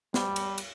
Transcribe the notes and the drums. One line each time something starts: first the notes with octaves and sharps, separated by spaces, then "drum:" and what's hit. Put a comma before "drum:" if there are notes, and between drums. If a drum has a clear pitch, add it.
G3, drum: snare
drum: cymbal
drum: cymbal